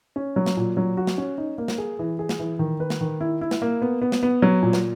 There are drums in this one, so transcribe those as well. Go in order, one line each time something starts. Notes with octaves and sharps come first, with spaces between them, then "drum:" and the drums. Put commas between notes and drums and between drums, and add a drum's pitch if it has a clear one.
C#4
F#3
drum: snare
A#2
F#3
F#4
drum: snare
C#4
D#4
A#3
drum: snare
G#4
E3
G#4
drum: snare
E3
D#3
B4
drum: snare
D#3
E4
E4
drum: snare
A#3
B3
B3
drum: snare
B3
F#3
A#2
drum: snare